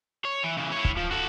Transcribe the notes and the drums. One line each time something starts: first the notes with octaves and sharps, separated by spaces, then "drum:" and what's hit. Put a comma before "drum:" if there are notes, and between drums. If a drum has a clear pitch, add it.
C#5
E3
C#3 E3
E4 C#5
drum: kick C#1
F3
F#4 A4